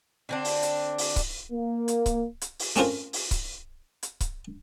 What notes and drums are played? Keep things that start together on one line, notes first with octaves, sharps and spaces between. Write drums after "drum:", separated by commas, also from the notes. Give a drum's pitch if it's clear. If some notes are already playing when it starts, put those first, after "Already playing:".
D3 C4 D4
drum: open hi-hat
drum: hi-hat
drum: open hi-hat
drum: kick C#1, hi-hat
A#3
drum: hi-hat
drum: kick C#1, hi-hat
drum: hi-hat
drum: open hi-hat
A3 C4 C#4 F4 A#4, drum: hi-hat
drum: open hi-hat
drum: kick C#1, hi-hat
drum: hi-hat
drum: kick C#1, hi-hat